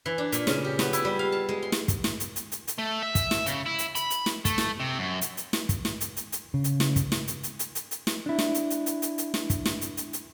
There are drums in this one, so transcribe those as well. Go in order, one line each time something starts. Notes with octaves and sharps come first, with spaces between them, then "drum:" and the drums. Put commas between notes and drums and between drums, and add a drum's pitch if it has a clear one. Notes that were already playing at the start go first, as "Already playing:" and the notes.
E3
D4
A#2, drum: hi-hat
C#3, drum: snare
G4
B3, drum: snare
E4, drum: hi-hat
G3
F5
A5
G#3
C6
drum: snare
drum: kick, hi-hat
drum: snare
drum: hi-hat
drum: hi-hat
drum: hi-hat
drum: hi-hat
A3
E5
drum: kick, hi-hat
drum: snare
C#3, drum: hi-hat
E4
drum: hi-hat
B5, drum: hi-hat
drum: hi-hat
drum: snare
A3, drum: kick, hi-hat
drum: snare
C3
F#2
drum: hi-hat
drum: hi-hat
drum: snare
drum: kick, hi-hat
drum: snare
drum: hi-hat
drum: hi-hat
drum: hi-hat
C#3
drum: hi-hat
drum: snare
drum: kick, hi-hat
drum: snare
drum: hi-hat
drum: hi-hat
drum: hi-hat
drum: hi-hat
drum: hi-hat
drum: snare
D4 E4
drum: snare
drum: hi-hat
drum: hi-hat
drum: hi-hat
drum: hi-hat
drum: hi-hat
drum: snare
drum: kick, hi-hat
drum: snare
drum: hi-hat
drum: hi-hat
drum: hi-hat